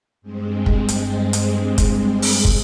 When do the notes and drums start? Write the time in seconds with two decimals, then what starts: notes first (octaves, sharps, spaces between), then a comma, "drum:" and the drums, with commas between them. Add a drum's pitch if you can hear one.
0.22 G2 G#3 C4
0.66 drum: kick
0.89 drum: hi-hat
1.33 drum: hi-hat
1.78 drum: kick, hi-hat
2.22 drum: open hi-hat
2.45 drum: kick